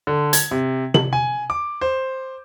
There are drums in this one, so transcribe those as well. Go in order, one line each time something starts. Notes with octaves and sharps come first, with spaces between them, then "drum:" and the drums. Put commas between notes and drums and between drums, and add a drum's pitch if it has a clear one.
D3
G#6, drum: hi-hat
C3
F#7, drum: tom C3
G#5
D6
C5